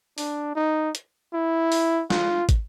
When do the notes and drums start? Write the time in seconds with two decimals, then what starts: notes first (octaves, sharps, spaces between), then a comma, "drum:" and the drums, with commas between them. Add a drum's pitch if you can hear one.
0.18 D4, drum: open hi-hat
0.56 D#4
0.95 drum: hi-hat
1.34 E4
1.72 drum: open hi-hat
2.10 F4, drum: snare
2.49 drum: kick, hi-hat